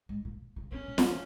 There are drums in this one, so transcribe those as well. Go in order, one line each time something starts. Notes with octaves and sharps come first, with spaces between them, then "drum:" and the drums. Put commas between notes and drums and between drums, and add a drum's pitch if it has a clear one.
G#2
A#2
C#3
A#2 C#4
A#2
A#2, drum: snare